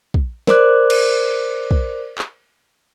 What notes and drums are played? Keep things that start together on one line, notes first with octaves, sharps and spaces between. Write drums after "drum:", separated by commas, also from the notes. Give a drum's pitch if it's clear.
drum: kick
A#4 C5 D5 D6 F#6, drum: snare
drum: cymbal
drum: kick
drum: clap